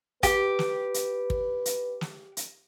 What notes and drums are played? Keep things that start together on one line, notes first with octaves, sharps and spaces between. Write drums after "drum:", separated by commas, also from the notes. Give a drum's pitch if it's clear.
G4 B4, drum: kick, hi-hat
drum: snare
drum: hi-hat
drum: kick
drum: hi-hat
drum: snare
drum: hi-hat